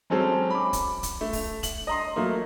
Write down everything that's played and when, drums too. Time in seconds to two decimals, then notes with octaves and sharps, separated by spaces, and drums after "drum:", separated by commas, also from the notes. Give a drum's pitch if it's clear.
0.10 F#3 G#3 C4 C#4 A4
0.50 B5 D6
0.73 drum: kick, hi-hat
1.03 drum: kick, hi-hat
1.21 A3
1.33 drum: kick, open hi-hat
1.63 F#7, drum: kick, hi-hat
1.87 D#5 A#5 C6
2.16 F#3 A3 A#3